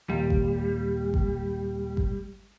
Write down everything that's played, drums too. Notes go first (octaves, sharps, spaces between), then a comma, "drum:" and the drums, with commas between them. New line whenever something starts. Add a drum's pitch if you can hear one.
D#2 A#2 G3 A#3
drum: kick G#1
drum: kick G#1
drum: kick G#1